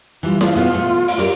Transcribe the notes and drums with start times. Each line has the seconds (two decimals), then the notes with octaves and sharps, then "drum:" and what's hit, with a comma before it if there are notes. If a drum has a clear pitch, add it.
0.23 E3 G3 F4
0.41 A3 F4, drum: snare E4
0.56 B2 B3
0.75 A3
1.08 drum: open hi-hat
1.18 G4 A#4 D5